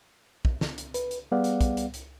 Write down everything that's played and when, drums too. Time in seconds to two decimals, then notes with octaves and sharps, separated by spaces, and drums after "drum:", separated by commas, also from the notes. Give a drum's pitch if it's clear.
0.45 drum: kick
0.61 drum: snare
0.78 drum: hi-hat
0.94 B4, drum: hi-hat
1.11 drum: hi-hat
1.31 G3 B3 G#4 D5 F5 F#5
1.44 drum: hi-hat
1.61 drum: kick, hi-hat
1.77 drum: hi-hat
1.94 drum: hi-hat